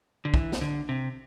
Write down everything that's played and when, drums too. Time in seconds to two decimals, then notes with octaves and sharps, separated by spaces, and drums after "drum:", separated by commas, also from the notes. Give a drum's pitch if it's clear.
0.25 D3
0.34 E3, drum: kick
0.52 drum: snare
0.61 D3
0.89 C3